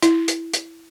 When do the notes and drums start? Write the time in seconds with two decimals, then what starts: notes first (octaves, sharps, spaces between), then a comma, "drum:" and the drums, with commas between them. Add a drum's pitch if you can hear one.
0.02 E4, drum: hi-hat
0.28 drum: hi-hat
0.54 drum: hi-hat